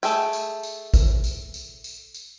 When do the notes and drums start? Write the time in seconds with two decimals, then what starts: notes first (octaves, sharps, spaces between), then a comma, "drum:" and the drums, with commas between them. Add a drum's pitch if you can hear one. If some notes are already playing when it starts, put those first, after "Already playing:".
0.03 A3 G#4 G5, drum: tambourine
0.33 drum: tambourine
0.63 drum: tambourine
0.94 drum: kick, tambourine
1.24 drum: tambourine
1.54 drum: tambourine
1.84 drum: tambourine
2.14 drum: tambourine